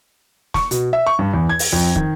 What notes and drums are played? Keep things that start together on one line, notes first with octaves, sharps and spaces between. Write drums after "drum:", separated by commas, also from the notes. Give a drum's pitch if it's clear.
C#6, drum: snare
B2, drum: hi-hat
E5
C#6
G2
E2
G#6
drum: open hi-hat
F2
D#3, drum: kick